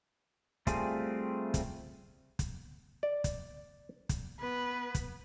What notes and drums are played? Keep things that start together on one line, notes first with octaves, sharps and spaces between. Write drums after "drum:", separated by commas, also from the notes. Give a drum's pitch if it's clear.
G3 A3 C4 F4 G#4, drum: kick, hi-hat
drum: kick, hi-hat
drum: kick, hi-hat
D5
drum: kick, hi-hat
drum: kick, hi-hat
B3 B4
drum: kick, hi-hat